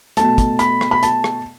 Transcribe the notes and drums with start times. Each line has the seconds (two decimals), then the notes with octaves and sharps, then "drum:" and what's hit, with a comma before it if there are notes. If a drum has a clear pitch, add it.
0.17 B2 A3 A5, drum: hi-hat
0.38 drum: kick, hi-hat
0.59 B5, drum: hi-hat
0.81 drum: rim click
0.91 B5
1.03 A5, drum: hi-hat
1.24 drum: rim click